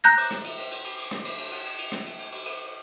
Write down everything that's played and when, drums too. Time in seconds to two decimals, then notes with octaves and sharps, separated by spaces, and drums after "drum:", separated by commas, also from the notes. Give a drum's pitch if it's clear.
0.04 A#5 F#6 G6 A#6
0.17 drum: cymbal
0.31 drum: rim click
0.44 drum: cymbal
0.58 drum: cymbal
0.71 drum: cymbal
0.84 drum: cymbal
0.98 drum: cymbal
1.11 drum: rim click
1.25 drum: cymbal
1.38 drum: cymbal
1.52 drum: cymbal
1.65 drum: cymbal
1.78 drum: cymbal
1.92 drum: rim click
2.05 drum: cymbal
2.19 drum: cymbal
2.32 drum: cymbal
2.46 drum: cymbal